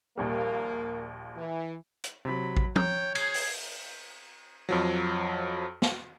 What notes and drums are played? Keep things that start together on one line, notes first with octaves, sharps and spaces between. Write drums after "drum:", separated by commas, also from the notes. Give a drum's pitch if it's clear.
A#1 D#2 G3 A#3 A#4
E3
drum: hi-hat
C3 F#3 B5
drum: kick A1
C#5 G5 A#5, drum: tom
G#4 G#6 C7, drum: cymbal
drum: open hi-hat
F2 F3 F#3
drum: snare